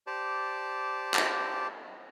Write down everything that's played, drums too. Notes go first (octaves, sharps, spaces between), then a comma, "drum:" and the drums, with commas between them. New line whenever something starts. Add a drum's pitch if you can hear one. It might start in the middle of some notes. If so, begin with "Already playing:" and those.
G4 C5 D5 A5
drum: clap